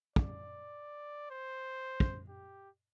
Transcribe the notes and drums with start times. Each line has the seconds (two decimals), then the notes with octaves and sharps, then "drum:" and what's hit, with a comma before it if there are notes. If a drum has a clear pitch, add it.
0.16 D5, drum: kick
1.31 C5
2.00 drum: kick
2.29 G4